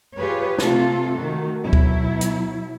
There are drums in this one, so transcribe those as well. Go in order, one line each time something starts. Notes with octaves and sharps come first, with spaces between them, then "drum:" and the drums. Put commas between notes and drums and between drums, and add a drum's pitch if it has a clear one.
F4 G4 G#4 B4 C#5
C3 A3 F4 A4, drum: snare
D#3 A3 F#4
B2 F#3 E4
drum: kick
drum: hi-hat